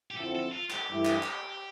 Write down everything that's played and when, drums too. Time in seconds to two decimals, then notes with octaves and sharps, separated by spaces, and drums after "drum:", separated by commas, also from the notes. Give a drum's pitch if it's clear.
0.11 G4
0.17 F2 D3 F3 C4 E4 A4
0.35 A4
0.52 F4
0.70 G4, drum: clap
0.88 G2 E3 A3 E4
1.05 drum: clap
1.23 drum: clap